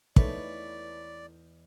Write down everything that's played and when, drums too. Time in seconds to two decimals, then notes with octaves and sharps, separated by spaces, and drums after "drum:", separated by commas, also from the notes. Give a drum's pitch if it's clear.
0.16 E2 G#3 A3 D#4 A4 B4 C#5 D5, drum: kick